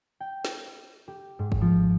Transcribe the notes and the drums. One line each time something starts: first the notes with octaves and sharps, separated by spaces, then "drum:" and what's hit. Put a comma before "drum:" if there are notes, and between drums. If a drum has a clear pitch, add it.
G5
drum: snare
D#7
G4
G#2
drum: kick G1
F3